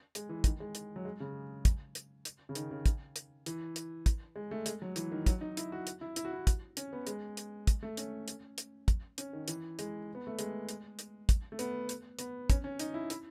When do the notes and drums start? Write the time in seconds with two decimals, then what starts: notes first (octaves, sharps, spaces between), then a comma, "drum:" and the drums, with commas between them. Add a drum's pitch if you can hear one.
0.15 G#3, drum: hi-hat
0.29 E3
0.44 D#3, drum: kick, hi-hat
0.60 G#3
0.75 drum: hi-hat
0.96 F#3
1.05 G#3
1.20 C#3
1.65 drum: kick, hi-hat
1.95 drum: hi-hat
2.25 drum: hi-hat
2.49 C#3
2.55 D#3, drum: hi-hat
2.71 C#3
2.86 drum: kick, hi-hat
3.16 drum: hi-hat
3.46 E3, drum: hi-hat
3.76 drum: hi-hat
4.06 drum: kick, hi-hat
4.36 G#3
4.51 A3
4.66 G#3, drum: hi-hat
4.82 F#3
4.96 E3, drum: hi-hat
5.12 D#3
5.26 F#3, drum: kick, hi-hat
5.41 D#4
5.57 E4, drum: hi-hat
5.72 F#4
5.87 drum: hi-hat
6.01 E4
6.16 E4, drum: hi-hat
6.25 F#4
6.33 E4
6.47 drum: kick, hi-hat
6.77 C#4, drum: hi-hat
6.93 B3
7.07 G#3, drum: hi-hat
7.37 drum: hi-hat
7.67 drum: kick, hi-hat
7.83 A3
7.97 C#4, drum: hi-hat
8.28 drum: hi-hat
8.58 drum: hi-hat
8.88 drum: kick, hi-hat
9.18 C#4, drum: hi-hat
9.33 D#3
9.48 E3, drum: hi-hat
9.79 G#3, drum: hi-hat
10.15 B3
10.27 A3
10.39 G#3, drum: hi-hat
10.69 drum: hi-hat
10.99 drum: hi-hat
11.29 drum: kick, hi-hat
11.52 A3
11.59 B3, drum: hi-hat
11.89 drum: hi-hat
12.19 B3, drum: hi-hat
12.50 C#4, drum: kick, hi-hat
12.64 C#4
12.79 D#4, drum: hi-hat
12.94 E4
13.10 E4, drum: hi-hat